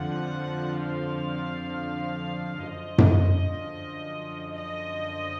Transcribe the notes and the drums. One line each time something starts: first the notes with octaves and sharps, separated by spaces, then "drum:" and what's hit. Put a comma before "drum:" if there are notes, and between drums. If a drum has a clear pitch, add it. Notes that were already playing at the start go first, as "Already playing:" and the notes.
Already playing: F2 D3 F3 F#5
F5
F#2 D3 F3 D#5
drum: tom F#2
D#5